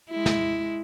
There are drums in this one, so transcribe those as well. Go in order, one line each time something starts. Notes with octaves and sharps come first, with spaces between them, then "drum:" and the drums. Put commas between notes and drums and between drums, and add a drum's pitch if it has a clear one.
G#3 E4
drum: snare